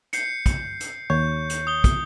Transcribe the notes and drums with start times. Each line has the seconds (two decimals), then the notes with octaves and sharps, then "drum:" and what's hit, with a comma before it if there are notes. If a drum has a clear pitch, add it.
0.13 G6 C7 C#7, drum: hi-hat
0.46 drum: kick, hi-hat
0.80 drum: hi-hat
1.10 D#2 C#5 C#6 G6
1.50 drum: hi-hat
1.67 D#6 G7
1.84 drum: kick, hi-hat